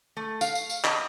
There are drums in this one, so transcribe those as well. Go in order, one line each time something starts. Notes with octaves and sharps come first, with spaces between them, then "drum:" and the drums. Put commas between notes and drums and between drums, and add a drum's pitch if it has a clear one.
A3
F5, drum: tambourine
drum: tambourine
drum: tambourine
D#5, drum: clap